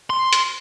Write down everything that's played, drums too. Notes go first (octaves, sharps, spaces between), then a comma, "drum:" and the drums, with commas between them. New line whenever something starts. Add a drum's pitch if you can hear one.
C6
drum: hi-hat